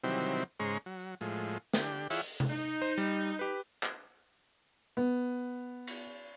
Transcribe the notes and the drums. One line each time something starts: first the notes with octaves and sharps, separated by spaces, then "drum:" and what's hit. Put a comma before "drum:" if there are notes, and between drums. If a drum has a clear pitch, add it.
C3 D#3 E3 F#3 G3 C4
G#2 C#3 G#3 C5 A#5 C#6
F#3
drum: tambourine
A2 F3 G#3, drum: tambourine
D3 G4, drum: snare
E3 F4 G#4 C#5 E5 F#5, drum: open hi-hat
drum: tom C3
D#4
C5
G3
G4 B4
drum: clap
B3
drum: cymbal